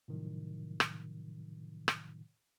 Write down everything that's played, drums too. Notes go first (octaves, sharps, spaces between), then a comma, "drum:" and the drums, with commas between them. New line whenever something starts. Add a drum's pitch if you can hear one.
A2 C3 D#3 F3 F#3
drum: rim click
drum: rim click